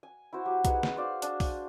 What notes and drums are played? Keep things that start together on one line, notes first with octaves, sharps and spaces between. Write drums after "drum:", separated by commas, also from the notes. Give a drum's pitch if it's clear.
G#5
E4 F#4 C5
F#3 G4
D#4 G#4 B4 F#5, drum: kick B1, hi-hat
drum: snare
F#4 C5 D5 F5
D4, drum: hi-hat
drum: kick B1, open hi-hat